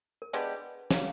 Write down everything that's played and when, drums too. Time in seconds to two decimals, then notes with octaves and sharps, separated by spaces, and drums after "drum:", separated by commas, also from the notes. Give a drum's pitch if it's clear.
0.22 A#4
0.33 G#3 B3 D4 G4 B4
0.91 C#3 F#3 A#3, drum: snare